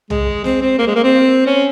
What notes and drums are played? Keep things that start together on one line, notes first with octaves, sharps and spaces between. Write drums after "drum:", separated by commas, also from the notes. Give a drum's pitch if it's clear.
G#3, drum: tom B1
C4, drum: snare
C4
A#3
G#3
A#3
C4
C#4